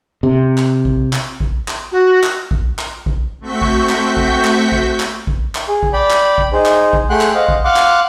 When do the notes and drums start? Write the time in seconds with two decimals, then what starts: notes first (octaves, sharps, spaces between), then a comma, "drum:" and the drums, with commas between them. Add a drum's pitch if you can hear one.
0.23 C3
0.58 drum: clap
0.85 drum: kick A#1
1.13 drum: clap
1.40 drum: kick A#1
1.68 drum: clap
1.92 F#4
2.23 drum: clap
2.51 drum: kick A#1
2.79 drum: clap
3.06 drum: kick A#1
3.40 A3 C4 F#4 C#6 G6 B6
3.62 drum: kick A#1
3.89 drum: clap
4.17 drum: kick A#1
4.44 drum: clap
4.72 drum: kick A#1
5.00 drum: clap
5.27 drum: kick A#1
5.55 drum: clap
5.68 G#4
5.83 drum: kick A#1
5.93 D5 G5 B5
6.10 drum: clap
6.38 drum: kick A#1
6.53 D#4 G#4 C5
6.66 drum: clap
6.93 drum: kick A#1
7.10 A3 G#4 F#5 G5 C6 F#6
7.21 drum: clap
7.35 C5 D#5 F5 F#5
7.48 drum: kick A#1
7.64 F5 F#5 C6 D6
7.76 drum: clap